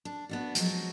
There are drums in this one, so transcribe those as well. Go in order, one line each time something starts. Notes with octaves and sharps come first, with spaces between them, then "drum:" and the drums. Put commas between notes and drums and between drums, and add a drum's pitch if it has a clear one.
D4
B3 D4 F#4
F3 F#3 G#3, drum: hi-hat